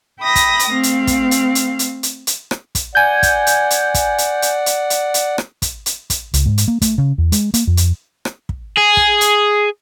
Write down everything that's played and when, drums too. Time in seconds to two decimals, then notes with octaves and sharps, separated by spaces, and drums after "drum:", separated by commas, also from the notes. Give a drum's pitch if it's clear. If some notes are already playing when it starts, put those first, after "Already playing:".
0.20 E5 G5 B5 D#6 A#6
0.36 drum: kick, hi-hat
0.59 drum: hi-hat
0.71 A3 C4 F5
0.83 drum: hi-hat
1.07 drum: kick, hi-hat
1.31 drum: hi-hat
1.55 drum: hi-hat
1.79 drum: hi-hat
2.03 drum: hi-hat
2.27 drum: hi-hat
2.51 drum: rim click
2.75 drum: kick, hi-hat
2.95 D5 F#5 G#5 G6
3.23 drum: kick, hi-hat
3.47 drum: hi-hat
3.71 drum: hi-hat
3.94 drum: kick, hi-hat
4.18 drum: hi-hat
4.42 drum: hi-hat
4.66 drum: hi-hat
4.90 drum: hi-hat
5.14 drum: hi-hat
5.38 drum: rim click
5.62 drum: kick, hi-hat
5.86 drum: hi-hat
6.10 drum: kick, hi-hat
6.34 C#2, drum: hi-hat
6.46 G#2
6.58 drum: hi-hat
6.68 A#3
6.82 A3, drum: kick, hi-hat
6.98 C#3
7.18 E2
7.32 G#3, drum: hi-hat
7.54 A#3, drum: hi-hat
7.67 F2
7.77 drum: hi-hat
8.25 drum: rim click
8.49 drum: kick
8.78 G#4
8.97 drum: kick
9.21 drum: hi-hat